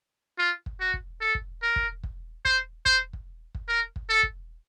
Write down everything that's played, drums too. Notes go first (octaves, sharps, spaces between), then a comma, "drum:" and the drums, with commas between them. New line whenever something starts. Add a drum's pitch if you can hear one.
F4
drum: kick
F#4
drum: kick
A4
drum: kick
A#4
drum: kick
drum: kick
C5, drum: kick
C5, drum: kick
drum: kick
drum: kick
A#4
drum: kick
A4
drum: kick